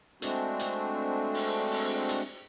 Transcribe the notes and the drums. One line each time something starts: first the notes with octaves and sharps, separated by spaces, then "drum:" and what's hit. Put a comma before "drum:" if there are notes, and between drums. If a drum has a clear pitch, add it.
G#3 A3 C4 D4 F#4, drum: hi-hat
drum: hi-hat
drum: open hi-hat
drum: open hi-hat
drum: hi-hat